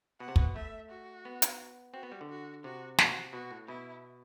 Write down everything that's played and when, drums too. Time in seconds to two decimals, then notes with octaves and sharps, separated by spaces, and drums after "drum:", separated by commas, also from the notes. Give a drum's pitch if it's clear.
0.20 B2 F#5
0.28 C3
0.36 B2, drum: kick
0.55 A3 E5
0.90 F#4
1.25 B3
1.42 drum: hi-hat
1.94 C4 F#4
2.03 B3
2.12 G3
2.21 D3
2.29 F#4
2.64 C3 F#4
2.98 F#4, drum: snare
3.33 B2 F#4
3.51 A2
3.68 B2 E4